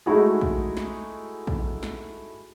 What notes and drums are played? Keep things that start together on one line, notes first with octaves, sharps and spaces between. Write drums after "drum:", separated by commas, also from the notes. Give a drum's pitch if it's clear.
G#3 A3 D#4 E4 F#4 G#4
drum: kick
drum: snare
drum: kick
drum: snare